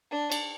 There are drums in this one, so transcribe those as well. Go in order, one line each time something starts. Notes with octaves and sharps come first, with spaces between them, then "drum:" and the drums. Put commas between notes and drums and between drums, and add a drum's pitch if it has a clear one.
D4
drum: cymbal